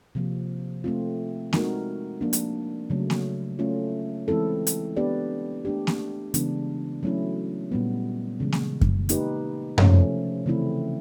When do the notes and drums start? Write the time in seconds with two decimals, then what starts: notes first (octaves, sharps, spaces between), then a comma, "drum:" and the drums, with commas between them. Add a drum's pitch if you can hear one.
0.15 C3 F3 A#3
0.84 A3 C4 F4
1.53 G#3 C4 D#4 F#4 A#4, drum: snare A#3
2.21 F3 A#3 D4
2.33 drum: hi-hat
2.90 C#3 F#3 A3
3.10 drum: snare A#3
3.59 A3 C#4 F4
4.28 E3 G#3 C4 E4 A4
4.67 drum: hi-hat
4.97 B3 D4 G4 B4 D5
5.65 A3 D4 G4
5.87 drum: snare A#3
6.34 C#3 E3 G#3 B3 D4, drum: hi-hat
7.03 F#3 A3 C#4 E4
7.72 A#2 G3 B3
8.40 C#3 E3 G#3
8.52 drum: snare A#3
8.81 drum: kick F#2
9.09 A#3 D#4 G4 B4, drum: hi-hat
9.78 C3 F3 A3 C#4, drum: tom F#2
10.46 C#3 E3 A3 C4 E4